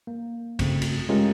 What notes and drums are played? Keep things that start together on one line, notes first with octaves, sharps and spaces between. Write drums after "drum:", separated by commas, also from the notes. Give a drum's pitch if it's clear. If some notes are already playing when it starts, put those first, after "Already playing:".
A#3
G2 C#3 A3 C4, drum: kick, cymbal
drum: cymbal
G#3 A3 C#4 F4 G4 A#4